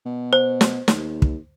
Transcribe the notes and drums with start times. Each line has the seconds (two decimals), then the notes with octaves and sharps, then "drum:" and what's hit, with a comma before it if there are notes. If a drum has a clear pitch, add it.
0.06 B2
0.33 C5
0.61 drum: snare
0.88 D#2, drum: snare
1.22 drum: kick